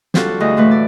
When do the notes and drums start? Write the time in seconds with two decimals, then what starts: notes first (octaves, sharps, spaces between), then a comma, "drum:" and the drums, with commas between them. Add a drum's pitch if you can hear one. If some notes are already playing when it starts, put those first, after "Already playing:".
0.14 G3 D4 F4 F#4 A4, drum: snare
0.40 D2 E3 G#4 D#5
0.57 A2 E3 A3 B4
0.71 D5